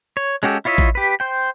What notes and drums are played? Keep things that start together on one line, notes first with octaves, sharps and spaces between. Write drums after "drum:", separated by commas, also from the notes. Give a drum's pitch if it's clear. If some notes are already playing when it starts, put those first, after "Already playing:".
C#5
G#3 C#4 F#4 G4 A4
E4 F4 C#5 D#5 E5
drum: kick A1
G4 B4
C5 G5